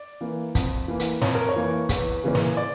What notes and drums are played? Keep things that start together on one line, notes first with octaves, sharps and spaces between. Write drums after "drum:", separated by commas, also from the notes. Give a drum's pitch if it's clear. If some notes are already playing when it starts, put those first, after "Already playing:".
Already playing: D5
E3 A#3
F2, drum: kick, hi-hat
E3 A#3
drum: hi-hat
F2 C#5, drum: snare
A#4
C#5
E3 A#3
E2, drum: kick, hi-hat
C#3 E3 A#3 C#4
drum: snare
D5